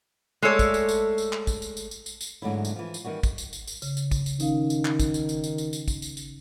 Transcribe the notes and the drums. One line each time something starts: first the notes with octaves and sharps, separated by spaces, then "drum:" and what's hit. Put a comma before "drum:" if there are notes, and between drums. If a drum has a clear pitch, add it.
G#3 A3 A4 C#5 D5
drum: kick, tambourine
drum: tambourine
drum: tambourine
drum: tambourine
drum: clap
drum: kick, tambourine
drum: tambourine
drum: tambourine
drum: tambourine
drum: tambourine
drum: tambourine
G#2 D3 F#3 A3 B3 E4
drum: tambourine
E3 F3
drum: tambourine
D#3 E3 G3 F#4
drum: kick, tambourine
drum: tambourine
drum: tambourine
drum: tambourine
C#3, drum: tambourine
drum: tambourine
drum: kick, tambourine
drum: tambourine
D#3 C#4 D#4 F5, drum: tambourine
drum: tambourine
drum: clap
drum: kick, tambourine
drum: tambourine
drum: tambourine
drum: tambourine
drum: tambourine
drum: tambourine
drum: kick, tambourine
drum: tambourine
drum: tambourine